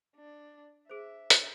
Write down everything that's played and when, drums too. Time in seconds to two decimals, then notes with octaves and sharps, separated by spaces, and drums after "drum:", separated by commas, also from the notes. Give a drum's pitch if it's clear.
0.17 D4
0.89 G#4 C5 E5
1.30 drum: hi-hat